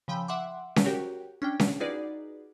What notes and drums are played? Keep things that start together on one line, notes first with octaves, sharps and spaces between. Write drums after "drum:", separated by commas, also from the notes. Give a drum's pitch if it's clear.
C#3 F3 G5 B5 E6
E5 F#5 C6 D6
drum: snare C#4
F#4 G4 A#4 C#5 G5
C#4 D4 G5
drum: snare C#4
D#4 F4 F#4 G#4 B4 D5